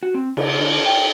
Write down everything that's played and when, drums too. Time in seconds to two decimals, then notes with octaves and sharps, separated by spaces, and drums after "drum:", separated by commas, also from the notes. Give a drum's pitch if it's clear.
0.03 F#4
0.14 C4
0.37 C#3, drum: cymbal
0.59 D3
0.86 G5